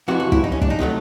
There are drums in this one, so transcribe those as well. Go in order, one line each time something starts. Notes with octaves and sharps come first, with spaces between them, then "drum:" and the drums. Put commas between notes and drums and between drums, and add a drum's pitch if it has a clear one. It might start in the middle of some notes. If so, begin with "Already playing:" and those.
F2 C3 E3 F#4
F#4
E4, drum: kick
D#4
C#4
D4, drum: kick
D#4
C3 D#3 F#3 A3